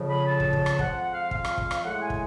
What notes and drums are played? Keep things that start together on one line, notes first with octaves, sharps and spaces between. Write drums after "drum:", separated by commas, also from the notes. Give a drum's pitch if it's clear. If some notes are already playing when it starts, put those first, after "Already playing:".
Already playing: F2 C#3 F3
B5
A5
drum: kick
drum: kick
drum: rim click
F2 F3 G#3 F#5, drum: kick
F#5
F5
F5, drum: kick
drum: rim click
drum: kick
drum: rim click
A2 G#3 F#5
G#5
drum: kick